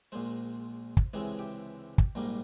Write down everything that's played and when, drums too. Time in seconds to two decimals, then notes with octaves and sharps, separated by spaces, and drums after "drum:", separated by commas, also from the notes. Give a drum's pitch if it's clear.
0.12 A#1 A#2 G#3 C5
0.97 drum: kick
1.13 C#2 C3 E3 G#3 G#4
1.39 G4
1.98 drum: kick
2.15 A#1 G#2 G3 A#3